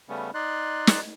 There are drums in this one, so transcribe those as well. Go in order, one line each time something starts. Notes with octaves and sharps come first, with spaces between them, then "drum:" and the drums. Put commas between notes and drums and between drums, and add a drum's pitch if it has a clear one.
C#3 G3 A3 B3 C#4
D#4 D5 D#5 C6 F#6
drum: snare